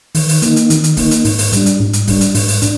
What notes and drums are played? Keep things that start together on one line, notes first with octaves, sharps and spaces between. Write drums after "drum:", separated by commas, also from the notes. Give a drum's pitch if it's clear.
D#3, drum: open hi-hat
drum: open hi-hat
A#3 D#4, drum: hi-hat
drum: hi-hat
D#3, drum: hi-hat
drum: hi-hat
A#3 D#4, drum: kick, open hi-hat
drum: hi-hat
G#2, drum: open hi-hat
drum: open hi-hat
G3 D4, drum: hi-hat
drum: hi-hat
G#2
drum: hi-hat
G3 D4, drum: kick, open hi-hat
drum: hi-hat
G#2, drum: open hi-hat
drum: open hi-hat
D4, drum: hi-hat